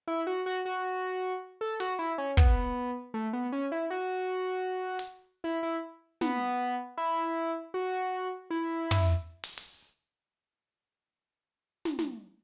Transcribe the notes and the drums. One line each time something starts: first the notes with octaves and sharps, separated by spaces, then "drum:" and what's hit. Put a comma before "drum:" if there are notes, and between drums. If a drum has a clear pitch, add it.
E4
F#4
F#4
F#4
A4
F#4, drum: hi-hat
E4
C#4
B3, drum: kick
A3
B3
C#4
E4
F#4
drum: hi-hat
E4
E4
B3, drum: snare
E4
F#4
E4
drum: tom
drum: open hi-hat
drum: hi-hat
drum: snare
drum: snare